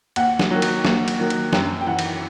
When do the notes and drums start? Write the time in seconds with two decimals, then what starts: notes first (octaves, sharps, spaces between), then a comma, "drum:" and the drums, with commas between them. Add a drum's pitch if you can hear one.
0.16 D#2 F#5, drum: cymbal
0.39 drum: snare
0.51 D#3 F#3
0.62 drum: cymbal
0.85 D#2, drum: snare
1.08 drum: cymbal
1.19 D#3 F#3
1.30 drum: cymbal
1.53 F#2 G5, drum: snare
1.81 G5
1.87 E3 F#5
1.99 drum: cymbal